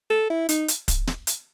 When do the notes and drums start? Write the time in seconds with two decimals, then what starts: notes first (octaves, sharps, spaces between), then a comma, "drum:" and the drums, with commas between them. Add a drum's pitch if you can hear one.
0.10 A4
0.30 E4
0.49 D#4, drum: hi-hat
0.68 drum: hi-hat
0.88 drum: kick, hi-hat
1.07 drum: snare
1.27 drum: hi-hat